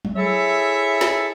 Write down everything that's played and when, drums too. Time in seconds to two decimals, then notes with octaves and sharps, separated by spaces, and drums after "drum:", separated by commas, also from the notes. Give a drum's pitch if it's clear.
0.05 drum: tom F#3
0.17 E4 G#4 A4 C#5 E5
1.01 drum: snare